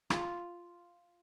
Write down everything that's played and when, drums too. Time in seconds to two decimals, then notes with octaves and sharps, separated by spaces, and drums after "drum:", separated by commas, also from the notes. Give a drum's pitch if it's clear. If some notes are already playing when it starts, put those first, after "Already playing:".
0.10 F4, drum: rim click